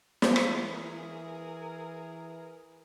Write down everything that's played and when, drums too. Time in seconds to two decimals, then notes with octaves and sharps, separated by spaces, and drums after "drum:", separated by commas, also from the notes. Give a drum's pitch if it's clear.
0.22 drum: snare
0.36 E3 G#4 A#4, drum: rim click